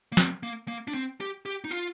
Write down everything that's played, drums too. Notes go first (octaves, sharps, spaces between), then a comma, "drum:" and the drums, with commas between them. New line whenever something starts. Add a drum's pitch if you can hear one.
A#3
C4, drum: snare
A#3
A#3
D4
C4
G4
G4
D#4
F4